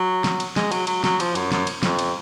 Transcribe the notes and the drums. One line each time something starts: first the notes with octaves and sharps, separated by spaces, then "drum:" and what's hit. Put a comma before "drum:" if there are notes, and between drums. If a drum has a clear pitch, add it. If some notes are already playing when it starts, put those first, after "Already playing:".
Already playing: F#3
drum: snare
drum: cymbal
G#3, drum: snare
F#3, drum: cymbal
F#3, drum: cymbal
F#3, drum: snare
F3, drum: cymbal
F#2, drum: cymbal
F#2, drum: snare
drum: cymbal
F2, drum: snare
drum: cymbal